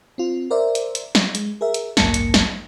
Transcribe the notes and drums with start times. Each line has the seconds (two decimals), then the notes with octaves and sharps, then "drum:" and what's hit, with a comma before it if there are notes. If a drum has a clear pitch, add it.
0.18 C4 F4
0.51 A#4 C5 D5 E5
0.75 drum: hi-hat
0.95 drum: hi-hat
1.15 drum: snare
1.35 G#3, drum: hi-hat
1.61 G#4 A#4 E5
1.74 drum: hi-hat
1.97 A1 D2 G2 A#3 A5 C#7, drum: snare
2.14 drum: hi-hat
2.34 drum: snare